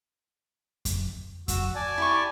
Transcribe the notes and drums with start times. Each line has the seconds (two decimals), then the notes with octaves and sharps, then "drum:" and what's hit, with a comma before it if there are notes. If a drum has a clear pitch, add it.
0.85 drum: kick F2, hi-hat
1.48 F#4 E6, drum: kick F2, hi-hat
1.75 D5 G#5 A5
1.98 E4 G4 C#6